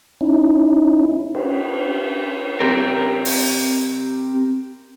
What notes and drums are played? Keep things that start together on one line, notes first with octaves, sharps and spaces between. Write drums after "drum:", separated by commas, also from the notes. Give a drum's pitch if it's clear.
C#4 D#4 E4
drum: cymbal
C4 G4 A#4
drum: open hi-hat